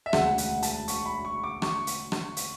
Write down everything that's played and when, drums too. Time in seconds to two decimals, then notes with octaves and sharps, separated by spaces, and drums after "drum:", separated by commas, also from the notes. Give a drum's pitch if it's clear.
0.06 E5
0.13 E1 D2 C#3 F#5, drum: rim click
0.38 F#5, drum: hi-hat
0.63 A5, drum: hi-hat
0.88 C#6, drum: hi-hat
1.06 B5
1.25 C#6
1.44 D6
1.62 C#6, drum: rim click
1.87 drum: hi-hat
2.12 drum: rim click
2.37 drum: hi-hat